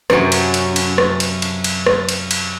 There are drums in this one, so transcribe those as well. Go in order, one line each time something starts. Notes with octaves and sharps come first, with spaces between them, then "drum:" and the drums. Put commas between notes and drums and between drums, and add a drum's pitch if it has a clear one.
F#2 C3 F#3 C#4, drum: rim click
drum: cymbal
drum: cymbal
drum: cymbal
drum: rim click
drum: cymbal
drum: cymbal
drum: cymbal
drum: rim click
drum: cymbal
drum: cymbal